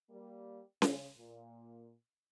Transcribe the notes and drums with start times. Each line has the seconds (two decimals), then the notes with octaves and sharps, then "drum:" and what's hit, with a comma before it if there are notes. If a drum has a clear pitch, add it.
0.10 G3 A#3
0.82 C#3, drum: snare C#4
1.17 A#2